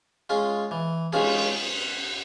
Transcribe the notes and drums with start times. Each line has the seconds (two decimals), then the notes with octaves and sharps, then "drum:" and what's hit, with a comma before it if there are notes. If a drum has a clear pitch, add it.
0.29 G#3 C#4 F4 G#4
0.71 E3
1.12 G#3 C#4 F4 G#4, drum: cymbal